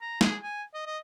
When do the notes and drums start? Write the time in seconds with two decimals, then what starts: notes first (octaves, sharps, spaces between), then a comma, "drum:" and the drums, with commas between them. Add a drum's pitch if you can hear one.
0.01 A#5
0.21 G#4, drum: snare
0.43 G#5
0.74 D#5
0.86 D#5